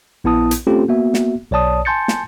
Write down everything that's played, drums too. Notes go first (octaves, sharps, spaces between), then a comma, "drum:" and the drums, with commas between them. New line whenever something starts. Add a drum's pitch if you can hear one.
A#1 B3 E4 A5 D#6
drum: hi-hat
A3 C4 C#4 F4 G4 A4
A#3 B3 F#4 E5
drum: snare
B1 C#5 D5 A5 D#6
G#5 A5 C6 G6 A6 C#7
drum: snare